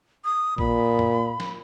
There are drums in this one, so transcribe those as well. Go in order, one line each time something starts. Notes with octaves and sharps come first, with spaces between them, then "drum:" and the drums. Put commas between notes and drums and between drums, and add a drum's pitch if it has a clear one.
D#6
A#2 B5, drum: kick
drum: tom F#2
drum: snare